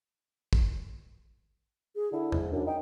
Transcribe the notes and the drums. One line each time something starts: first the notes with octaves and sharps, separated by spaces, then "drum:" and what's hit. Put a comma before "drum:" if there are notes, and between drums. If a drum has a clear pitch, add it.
drum: kick
G#4
D3 E4
G#2, drum: tom E2
F#2 D4
D#4 G5